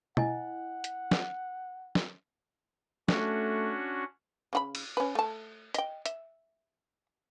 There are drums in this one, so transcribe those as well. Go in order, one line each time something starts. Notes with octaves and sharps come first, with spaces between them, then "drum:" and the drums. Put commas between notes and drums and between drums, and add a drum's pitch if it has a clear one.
E4 D#5 F#5 G#5, drum: tom
drum: hi-hat
drum: snare
drum: snare
A3 C#4 D4 F#4, drum: snare
C#3 F#4 B5
drum: cymbal
C#4 B4
A3 A5
D#5 G5, drum: hi-hat
E5, drum: hi-hat